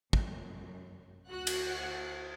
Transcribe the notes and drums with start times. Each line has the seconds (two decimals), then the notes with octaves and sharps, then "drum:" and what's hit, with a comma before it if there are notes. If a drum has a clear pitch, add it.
0.13 F#2, drum: kick
1.28 D2 F#4 F#5 F#6
1.47 drum: cymbal